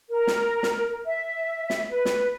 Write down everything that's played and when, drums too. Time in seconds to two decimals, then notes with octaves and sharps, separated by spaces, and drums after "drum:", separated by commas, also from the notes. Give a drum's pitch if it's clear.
0.10 A#4
0.27 drum: snare
0.63 drum: snare
1.05 E5
1.70 drum: snare
1.90 B4
2.05 drum: snare